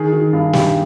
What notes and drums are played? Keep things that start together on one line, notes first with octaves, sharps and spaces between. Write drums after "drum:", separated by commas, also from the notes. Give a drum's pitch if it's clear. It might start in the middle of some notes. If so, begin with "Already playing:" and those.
Already playing: D#3 G#4
D#3
G2
G2 G4, drum: snare